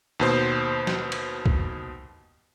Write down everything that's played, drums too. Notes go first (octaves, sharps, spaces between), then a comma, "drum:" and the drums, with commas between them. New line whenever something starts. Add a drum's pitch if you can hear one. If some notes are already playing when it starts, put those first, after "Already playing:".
D#2 B2 C5
drum: snare
drum: cymbal
drum: kick